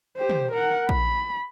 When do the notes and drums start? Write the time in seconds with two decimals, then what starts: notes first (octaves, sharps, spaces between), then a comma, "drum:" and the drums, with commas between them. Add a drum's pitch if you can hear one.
0.17 G4 C5
0.29 drum: tom
0.52 A#4 F#5
0.89 B5, drum: kick A#1